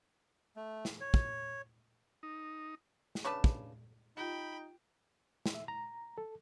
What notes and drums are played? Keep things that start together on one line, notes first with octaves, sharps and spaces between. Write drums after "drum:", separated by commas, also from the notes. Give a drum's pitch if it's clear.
A3
drum: snare
C#5
drum: kick
D#4
drum: snare
C#3 D4 B4 A5
drum: kick
D#4 F4 G4 G5 B5
drum: snare
E5
A#5
A4